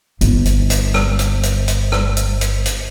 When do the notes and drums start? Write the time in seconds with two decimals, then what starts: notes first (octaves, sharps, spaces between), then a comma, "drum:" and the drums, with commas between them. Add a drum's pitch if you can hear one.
0.21 G1 D#4, drum: hi-hat
0.45 drum: hi-hat
0.70 drum: hi-hat
0.94 drum: rim click
1.19 drum: hi-hat
1.43 drum: hi-hat
1.68 drum: hi-hat
1.92 drum: rim click
2.17 drum: hi-hat
2.41 drum: hi-hat
2.65 drum: hi-hat